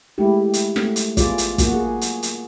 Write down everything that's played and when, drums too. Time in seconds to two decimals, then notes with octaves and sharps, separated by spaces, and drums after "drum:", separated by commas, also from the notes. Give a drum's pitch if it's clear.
0.18 G#3 A3 E4 G4
0.53 drum: hi-hat
0.76 A3, drum: snare
0.96 drum: hi-hat
1.17 B3 F4 G#4 D5, drum: kick, hi-hat
1.38 drum: hi-hat
1.58 A#3 F4 F#4, drum: kick, hi-hat
1.73 G#4
2.01 drum: hi-hat
2.23 drum: hi-hat